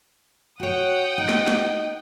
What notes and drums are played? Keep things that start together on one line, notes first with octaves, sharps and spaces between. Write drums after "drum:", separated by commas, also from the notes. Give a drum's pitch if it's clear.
F#4 C#5 F#5 G5 D#6
D#4
drum: snare
drum: snare